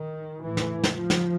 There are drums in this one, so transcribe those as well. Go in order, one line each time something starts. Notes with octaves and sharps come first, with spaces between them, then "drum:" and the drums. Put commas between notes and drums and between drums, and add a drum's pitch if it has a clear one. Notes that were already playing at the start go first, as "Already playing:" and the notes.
Already playing: D#3
A2 E3
drum: snare
drum: snare
F3
drum: snare